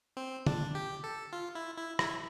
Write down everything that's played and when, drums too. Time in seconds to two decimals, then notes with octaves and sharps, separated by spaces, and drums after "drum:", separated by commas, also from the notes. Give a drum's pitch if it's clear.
0.17 C4
0.47 D4, drum: tom
0.75 G4
1.04 A4
1.33 F4
1.55 E4
1.77 E4
1.99 E4, drum: rim click